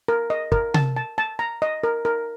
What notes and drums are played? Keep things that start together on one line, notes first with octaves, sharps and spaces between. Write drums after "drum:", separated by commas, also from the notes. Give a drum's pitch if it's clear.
A#4
D#5
A#4, drum: kick
A5, drum: tom C3
A5
A5
A#5
D#5
A#4
A#4